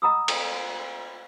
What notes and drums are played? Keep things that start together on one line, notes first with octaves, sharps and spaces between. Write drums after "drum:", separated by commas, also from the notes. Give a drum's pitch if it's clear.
D#5 F#5 A#5 B5 D#6 E6
drum: cymbal